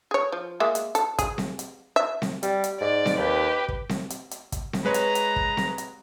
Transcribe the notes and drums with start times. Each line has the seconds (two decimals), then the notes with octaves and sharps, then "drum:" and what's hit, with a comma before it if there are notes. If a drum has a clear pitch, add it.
0.11 G#4 C#5
0.32 F3
0.60 G#3 A#3 E5
0.75 drum: hi-hat
0.95 A4, drum: hi-hat
1.19 G#4, drum: kick, hi-hat
1.38 drum: snare C4
1.59 drum: hi-hat
1.96 E5
2.22 drum: snare C4
2.43 G3, drum: hi-hat
2.64 drum: hi-hat
2.81 G#2 D5
3.06 drum: snare C4
3.18 D#2 G4 B4
3.68 drum: kick
3.89 drum: snare C4
4.10 drum: hi-hat
4.31 drum: hi-hat
4.52 drum: kick, hi-hat
4.73 drum: snare C4
4.85 G#3 B4 C#5 A#5
4.94 drum: hi-hat
5.15 drum: hi-hat
5.36 drum: kick
5.57 drum: snare C4
5.78 drum: hi-hat